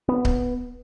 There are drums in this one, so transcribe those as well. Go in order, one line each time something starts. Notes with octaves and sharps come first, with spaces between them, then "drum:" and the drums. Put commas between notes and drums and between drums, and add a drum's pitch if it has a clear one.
B3
drum: kick C#1